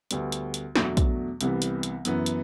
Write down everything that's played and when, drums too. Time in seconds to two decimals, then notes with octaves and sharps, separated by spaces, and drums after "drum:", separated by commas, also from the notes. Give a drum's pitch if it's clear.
0.11 D2 D3 G3 B3, drum: hi-hat
0.32 drum: hi-hat
0.54 drum: hi-hat
0.76 E2 B2 F#3 A3 D4, drum: snare
0.97 drum: kick, hi-hat
1.41 C2 C3 E3 G3 B3, drum: hi-hat
1.62 drum: hi-hat
1.83 drum: hi-hat
2.05 F#2 E3 B3, drum: hi-hat
2.26 drum: hi-hat